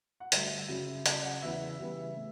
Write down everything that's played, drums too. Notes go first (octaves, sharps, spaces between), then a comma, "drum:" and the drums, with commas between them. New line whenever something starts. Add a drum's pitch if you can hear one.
F#5
G2 D3 F#3 A3 E5, drum: hi-hat
F#2 C#3 F#3 C#4
C#3 F#3 C#4 D5, drum: hi-hat
F#5
E2 C#3 E3 B3 E5
C#3 E3 G3 B3
A2